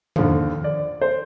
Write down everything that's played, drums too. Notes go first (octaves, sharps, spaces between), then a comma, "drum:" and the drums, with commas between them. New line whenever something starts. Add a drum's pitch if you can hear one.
D#2 D3 F3, drum: tom
D5
C5